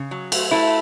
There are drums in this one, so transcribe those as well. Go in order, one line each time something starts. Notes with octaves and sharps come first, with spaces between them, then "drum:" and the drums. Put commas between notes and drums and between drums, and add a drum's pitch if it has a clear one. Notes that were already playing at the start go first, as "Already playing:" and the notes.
Already playing: C#3
F#3
A3, drum: cymbal
A3 E4